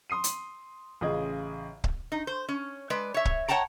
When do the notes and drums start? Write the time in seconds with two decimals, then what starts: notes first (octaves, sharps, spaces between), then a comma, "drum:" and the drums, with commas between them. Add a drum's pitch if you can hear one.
0.10 C6 D#6 C7 D#7
0.24 drum: hi-hat
1.01 A1 C#3 F4 G#4 D#5
1.84 drum: kick C#1
2.12 D#4
2.27 C5
2.49 C#4
2.90 G#3 B4 D5
3.14 C#5 E5
3.25 drum: kick C#1
3.48 C#5 F#5 G5 A5 A#5